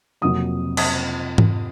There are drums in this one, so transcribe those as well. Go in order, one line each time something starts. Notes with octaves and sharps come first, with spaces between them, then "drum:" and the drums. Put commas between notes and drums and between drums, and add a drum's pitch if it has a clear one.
F2 C3 F#3 A#3 D#6
D#6, drum: cymbal
drum: tom G#2